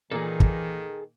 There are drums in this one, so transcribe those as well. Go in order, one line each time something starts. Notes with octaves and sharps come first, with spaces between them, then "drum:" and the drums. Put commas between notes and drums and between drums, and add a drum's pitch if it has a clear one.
A#2 D#3 E3 A#3 G#4 A4
drum: kick